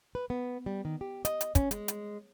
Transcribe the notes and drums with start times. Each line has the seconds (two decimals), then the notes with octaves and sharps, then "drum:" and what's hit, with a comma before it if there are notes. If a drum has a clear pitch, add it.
0.15 B4
0.30 B3
0.66 G3
0.85 D#3
1.01 G4
1.25 D#5, drum: hi-hat
1.41 drum: hi-hat
1.55 C#4, drum: kick, hi-hat
1.71 G#3, drum: hi-hat
1.88 drum: hi-hat